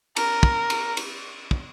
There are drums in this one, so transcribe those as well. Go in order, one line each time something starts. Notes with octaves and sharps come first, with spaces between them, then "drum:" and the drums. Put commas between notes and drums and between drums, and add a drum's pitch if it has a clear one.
A#4, drum: cymbal
drum: kick
drum: cymbal
drum: cymbal
drum: kick